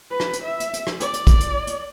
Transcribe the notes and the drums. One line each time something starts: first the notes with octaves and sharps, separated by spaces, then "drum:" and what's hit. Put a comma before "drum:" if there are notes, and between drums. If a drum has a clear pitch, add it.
B4
drum: rim click
drum: hi-hat
E5
drum: hi-hat
drum: hi-hat
drum: rim click
D5, drum: hi-hat
drum: hi-hat
drum: kick, hi-hat
drum: hi-hat
drum: hi-hat